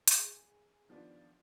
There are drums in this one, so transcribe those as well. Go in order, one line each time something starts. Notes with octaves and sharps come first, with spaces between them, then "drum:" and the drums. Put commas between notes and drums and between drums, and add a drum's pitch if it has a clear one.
drum: hi-hat
G#4
D#3 F3 G3 B3 D4